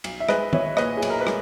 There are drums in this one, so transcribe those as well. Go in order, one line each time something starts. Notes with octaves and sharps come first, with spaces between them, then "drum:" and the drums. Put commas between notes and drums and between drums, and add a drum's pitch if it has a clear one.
B1, drum: cymbal
E5
G#3 B4 D#5, drum: rim click
B1 C#5 E5, drum: tom D#3
A#2 B4 D#5, drum: rim click
G#4
B1, drum: cymbal
A#4
B4
G#3, drum: rim click